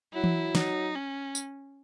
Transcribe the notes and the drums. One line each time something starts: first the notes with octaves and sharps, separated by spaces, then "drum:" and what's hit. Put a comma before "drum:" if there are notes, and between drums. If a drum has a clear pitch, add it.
F#3 E4
drum: tom E3
F#3 D#4, drum: snare
C#4
drum: tambourine